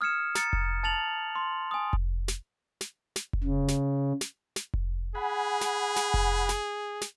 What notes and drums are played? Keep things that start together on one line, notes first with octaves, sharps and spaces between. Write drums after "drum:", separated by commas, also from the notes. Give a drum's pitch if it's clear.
D#6 F6 G#6 C#7 E7
A#5 A6 C#7, drum: snare
drum: kick F1
A5 A6 F7 F#7
C6
G#5 D#6
drum: kick F1
drum: snare
drum: snare
drum: snare
drum: kick F1
C#3
drum: snare
drum: snare
drum: snare
drum: kick F1
G#4 F#5 G#5 B5
drum: snare
drum: snare
drum: kick F1
drum: snare
drum: snare